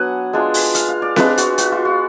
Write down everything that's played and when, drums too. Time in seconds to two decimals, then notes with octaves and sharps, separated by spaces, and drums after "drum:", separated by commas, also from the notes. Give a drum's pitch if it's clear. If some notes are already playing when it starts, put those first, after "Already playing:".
Already playing: F#3 B3 D4 F#5 G#5
0.33 G#3 D4 F4
0.54 drum: open hi-hat
0.75 F5, drum: hi-hat
0.88 F5
1.02 D5
1.16 G#3 D4 F4 B4, drum: snare C4
1.38 F#4, drum: hi-hat
1.58 F#4, drum: hi-hat
1.72 F4
1.85 F#4